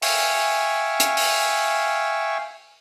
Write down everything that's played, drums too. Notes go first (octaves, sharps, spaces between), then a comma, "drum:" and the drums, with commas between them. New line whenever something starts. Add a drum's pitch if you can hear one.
E5 F5 G5 G#5 C#6, drum: open hi-hat
drum: hi-hat
drum: open hi-hat